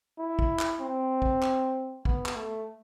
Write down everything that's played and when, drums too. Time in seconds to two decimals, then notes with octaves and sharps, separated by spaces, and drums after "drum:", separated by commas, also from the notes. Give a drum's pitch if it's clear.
0.19 E4
0.39 drum: kick
0.60 drum: clap
0.81 C4
1.22 drum: kick
1.43 drum: clap
2.05 B3, drum: kick
2.26 drum: clap
2.36 A3